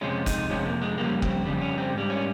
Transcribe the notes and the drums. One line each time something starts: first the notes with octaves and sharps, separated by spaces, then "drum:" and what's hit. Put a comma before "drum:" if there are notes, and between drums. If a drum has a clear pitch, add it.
F2 C3 F3 G#3 C#4
D#4, drum: kick F#1, hi-hat
F2 C3 F3 G#3 C#4
A#3
G#3
F2 C#3 G3 A#3
C4, drum: kick F#1
F2 C#3 G3
C#4
C4
G#2 G3
C#4